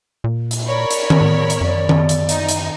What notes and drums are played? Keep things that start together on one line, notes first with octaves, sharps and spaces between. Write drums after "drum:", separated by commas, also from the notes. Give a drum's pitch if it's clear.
A#2
drum: hi-hat
A#4 C#5 D5 B5
drum: hi-hat
drum: tom D#3
A2
drum: hi-hat
F#2 D5
drum: tom D#3
drum: hi-hat
D#4, drum: hi-hat
drum: hi-hat